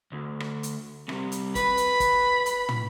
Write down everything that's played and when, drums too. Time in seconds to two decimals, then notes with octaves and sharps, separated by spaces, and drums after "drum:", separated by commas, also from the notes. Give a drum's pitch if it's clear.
0.12 D2
0.40 drum: rim click
0.63 drum: hi-hat
1.09 C3 G3, drum: rim click
1.32 drum: hi-hat
1.55 B4 B5, drum: kick, hi-hat
1.77 drum: hi-hat
2.00 drum: kick, hi-hat
2.46 drum: hi-hat
2.69 drum: tom